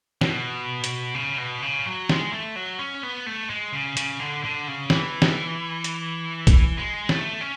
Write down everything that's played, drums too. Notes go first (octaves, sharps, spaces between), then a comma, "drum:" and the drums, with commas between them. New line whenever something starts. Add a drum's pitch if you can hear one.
B2, drum: snare
drum: hi-hat
C#3
B2
C#3
F#3
G#3, drum: snare
A3
F#3
C#4
B3
A3
G#3
C#3
C#3, drum: hi-hat
D3
D3
C#3
E3, drum: snare
drum: snare
drum: hi-hat
drum: kick A#1, hi-hat
G#3
A3, drum: snare
C#4